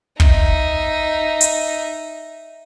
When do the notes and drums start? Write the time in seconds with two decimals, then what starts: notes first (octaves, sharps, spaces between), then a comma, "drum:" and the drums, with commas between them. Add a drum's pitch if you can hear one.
0.20 D#4 E5, drum: kick
1.41 drum: hi-hat